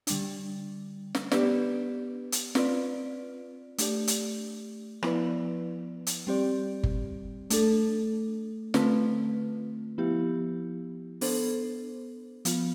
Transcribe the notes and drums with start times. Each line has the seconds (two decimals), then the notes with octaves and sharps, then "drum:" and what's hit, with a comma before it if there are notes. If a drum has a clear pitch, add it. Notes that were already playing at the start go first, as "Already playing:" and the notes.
0.07 D3 G3 D4, drum: hi-hat
1.15 drum: snare
1.32 B3 D4 G4 B4 D5, drum: snare
2.32 drum: hi-hat
2.55 C4 F4 B4 D5, drum: snare
3.78 A3 D4 G4 D5, drum: hi-hat
4.07 drum: hi-hat
5.03 F3 B3 E4 B4 D5, drum: rim click
6.07 drum: hi-hat
6.27 G3 C4 G4 D5
6.83 drum: kick G1
7.50 A3 D4 A4, drum: hi-hat
8.74 D3 A3 C4 F4 B4, drum: snare
9.98 F3 B3 E4 G4
11.21 B3 D4 A4 C5, drum: open hi-hat
12.45 F3 B3 F4, drum: hi-hat